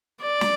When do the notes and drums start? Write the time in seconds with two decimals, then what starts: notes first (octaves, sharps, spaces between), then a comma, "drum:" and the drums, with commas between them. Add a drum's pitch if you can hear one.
0.22 D5
0.41 drum: snare